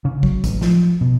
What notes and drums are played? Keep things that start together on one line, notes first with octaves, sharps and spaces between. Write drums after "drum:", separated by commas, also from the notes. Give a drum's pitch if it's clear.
C#3
F#3, drum: kick
A1, drum: kick, hi-hat
F3, drum: snare
B2